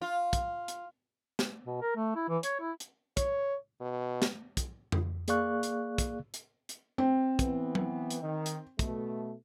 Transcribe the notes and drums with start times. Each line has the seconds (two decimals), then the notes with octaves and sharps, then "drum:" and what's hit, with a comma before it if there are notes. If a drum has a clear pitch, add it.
0.02 F4
0.33 drum: kick, hi-hat
0.68 drum: hi-hat
1.39 drum: snare
1.66 B2
1.81 A#4
1.96 A3
2.15 E4
2.29 E3
2.43 C#5, drum: hi-hat
2.60 E4
2.80 drum: hi-hat
3.17 C#5, drum: kick, hi-hat
3.81 B2
4.22 drum: snare
4.57 drum: kick, hi-hat
4.92 drum: tom F2
5.28 A#3 G#4 D5 F5 C#6 F#6, drum: hi-hat
5.63 drum: hi-hat
5.98 drum: kick, hi-hat
6.34 drum: hi-hat
6.69 drum: hi-hat
6.98 C4
7.39 E3 B3, drum: kick, hi-hat
7.75 drum: tom F#3
8.10 drum: hi-hat
8.21 D#3
8.46 drum: hi-hat
8.79 B2 A3, drum: kick, hi-hat